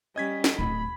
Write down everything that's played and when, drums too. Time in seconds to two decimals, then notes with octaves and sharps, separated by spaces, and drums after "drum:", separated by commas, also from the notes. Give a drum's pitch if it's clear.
0.16 G3 C#4 D#5 G#6 B6
0.44 drum: snare
0.59 D1 B5